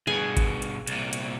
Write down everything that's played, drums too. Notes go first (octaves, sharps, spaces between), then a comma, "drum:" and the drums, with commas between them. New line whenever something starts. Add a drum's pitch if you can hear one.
G2 B2 G#4 G#5
drum: kick G#1, hi-hat
drum: hi-hat
C2 A#2, drum: hi-hat
drum: hi-hat